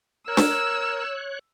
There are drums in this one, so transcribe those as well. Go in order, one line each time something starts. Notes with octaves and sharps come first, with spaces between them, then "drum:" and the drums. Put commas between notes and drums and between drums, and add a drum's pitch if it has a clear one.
A#4 C#5 E6 F#6
drum: snare D4